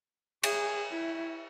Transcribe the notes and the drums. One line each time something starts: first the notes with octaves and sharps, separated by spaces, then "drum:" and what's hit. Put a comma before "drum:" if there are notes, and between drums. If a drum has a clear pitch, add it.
G#4, drum: cymbal
E4